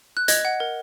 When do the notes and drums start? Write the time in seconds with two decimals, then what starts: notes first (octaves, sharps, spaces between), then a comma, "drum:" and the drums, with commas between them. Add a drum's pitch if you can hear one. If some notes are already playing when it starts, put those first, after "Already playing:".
0.17 F#6
0.28 D#5 G#6, drum: hi-hat
0.45 F#5
0.60 A#4